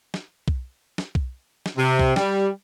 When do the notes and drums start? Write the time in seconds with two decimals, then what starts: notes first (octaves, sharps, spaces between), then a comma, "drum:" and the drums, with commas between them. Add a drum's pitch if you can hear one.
0.14 drum: snare
0.48 drum: kick B1
0.98 drum: snare
1.15 drum: kick B1
1.66 drum: snare
1.77 C3
1.99 drum: kick B1
2.16 G3, drum: snare